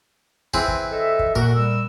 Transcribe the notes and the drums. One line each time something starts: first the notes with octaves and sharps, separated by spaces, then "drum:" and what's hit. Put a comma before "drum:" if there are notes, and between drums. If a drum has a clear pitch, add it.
E3 C4 G#4, drum: kick
drum: kick
A4 D#5 E5
drum: kick
A#2 F#4 A#4, drum: kick
G3 E6